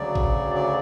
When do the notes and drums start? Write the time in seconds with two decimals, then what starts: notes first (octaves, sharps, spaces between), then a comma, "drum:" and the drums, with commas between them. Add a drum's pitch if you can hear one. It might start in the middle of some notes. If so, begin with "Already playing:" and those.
Already playing: D2 C#3 F#3 D5
0.15 drum: kick G#1
0.55 D5